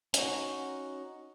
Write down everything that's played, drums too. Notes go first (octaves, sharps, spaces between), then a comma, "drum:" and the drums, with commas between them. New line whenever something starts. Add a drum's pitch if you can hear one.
C#4 D#4 F#4, drum: hi-hat